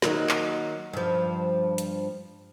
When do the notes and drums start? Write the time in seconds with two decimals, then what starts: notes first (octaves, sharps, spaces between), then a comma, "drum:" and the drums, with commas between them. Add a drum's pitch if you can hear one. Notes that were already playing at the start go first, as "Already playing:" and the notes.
0.02 D#3 F#3 A#3, drum: snare
0.29 drum: clap
0.93 G2 F3
1.78 drum: hi-hat